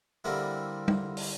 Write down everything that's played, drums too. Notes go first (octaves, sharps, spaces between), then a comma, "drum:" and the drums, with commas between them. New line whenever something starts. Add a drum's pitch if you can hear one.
D3 G3 A#3 C4 E4
drum: tom G3
drum: open hi-hat